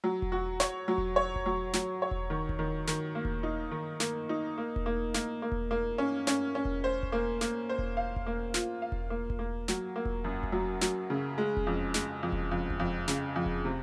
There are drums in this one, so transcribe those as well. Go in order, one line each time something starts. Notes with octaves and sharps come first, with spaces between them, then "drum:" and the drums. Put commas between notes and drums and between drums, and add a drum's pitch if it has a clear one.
F#3
drum: kick E1
F#4
C#5, drum: snare
F#3
drum: kick E1
C#5
drum: kick E1
F#3
F#3, drum: snare
C#5
drum: kick E1
D#3
drum: kick E1
D#3
D#3, drum: snare
A#3
drum: kick E1
D#4
D#3
A#3, drum: snare
D#4
A#3
drum: kick E1
A#3
A#3, drum: snare
A#3
drum: kick E1
A#3
C#4
C#4, drum: snare
C#4
drum: kick E1
C5
drum: kick E1
A#3
A#3, drum: snare
C5
drum: kick E1
F5
drum: kick E1
A#3
F4, drum: snare
F5
drum: kick E1
A#3
drum: kick E1
A#3
F#3, drum: snare
A#3
drum: kick E1
F#2
drum: kick E1
F#3
F#3, drum: snare
C#3
G#3
drum: kick E1
F2
G#3, drum: snare
F2
drum: kick E1
F2
drum: kick E1
F2
C#3, drum: snare
F2
drum: kick E1
C3